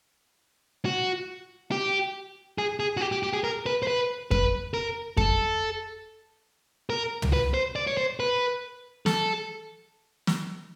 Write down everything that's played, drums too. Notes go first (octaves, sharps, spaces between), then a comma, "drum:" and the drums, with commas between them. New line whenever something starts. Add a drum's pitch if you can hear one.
F#4
G4
G#4
G#4
F#4
G4
G4
G4
G#4
A#4
B4
C5
B4
B4, drum: kick F2
A#4
A4, drum: kick F2
A#4
drum: tom
B4
C5
D5
C#5
C5
B4
A4, drum: snare
drum: snare